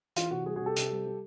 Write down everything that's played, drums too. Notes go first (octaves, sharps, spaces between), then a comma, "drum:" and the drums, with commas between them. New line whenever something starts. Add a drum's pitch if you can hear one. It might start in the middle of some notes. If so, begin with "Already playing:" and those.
E3 F4, drum: hi-hat
C3 F#4
G3 F#4 G#4
F#4 G#4
C3
G4 A4
C3, drum: hi-hat
G3
G3